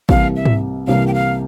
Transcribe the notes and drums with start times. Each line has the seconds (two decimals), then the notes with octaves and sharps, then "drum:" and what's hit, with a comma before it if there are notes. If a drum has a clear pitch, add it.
0.09 C2 C3 E3 G3 A#3 F5, drum: kick A1
0.36 E5
0.45 drum: tom G#2
0.87 C2 C3 E3 G3 A#3 F5
1.07 G5
1.14 F5